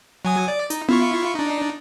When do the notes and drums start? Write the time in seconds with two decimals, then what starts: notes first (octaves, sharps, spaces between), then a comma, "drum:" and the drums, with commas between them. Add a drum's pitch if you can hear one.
0.25 F#3 G#5 D#6
0.48 D5
0.70 D#4, drum: hi-hat
0.89 E4 F4 C#6, drum: tom B3
1.35 D4 D#4